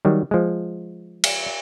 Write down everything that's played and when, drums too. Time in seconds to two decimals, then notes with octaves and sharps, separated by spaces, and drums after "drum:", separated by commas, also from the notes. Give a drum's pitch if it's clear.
0.05 D#3 F#3 G3
0.31 F3 G#3
1.24 drum: cymbal